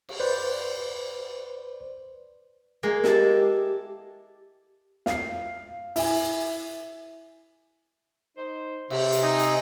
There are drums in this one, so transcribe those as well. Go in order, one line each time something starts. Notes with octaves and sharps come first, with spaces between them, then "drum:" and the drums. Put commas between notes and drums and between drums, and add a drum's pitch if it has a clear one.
drum: cymbal
B4 C5 D5
G#3 A#3
E4 G4 A4 A5, drum: snare
F5 C7, drum: snare
E4 G#5, drum: open hi-hat
D#4 C5
C3, drum: cymbal
drum: hi-hat
D#4 D#5 G#5
drum: hi-hat